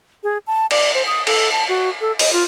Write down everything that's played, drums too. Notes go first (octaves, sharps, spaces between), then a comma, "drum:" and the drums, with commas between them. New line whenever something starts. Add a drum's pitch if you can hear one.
G#4
A5
D5, drum: cymbal
C5
D#6
A4, drum: cymbal
A5
F#4
A4
D#5, drum: open hi-hat
F4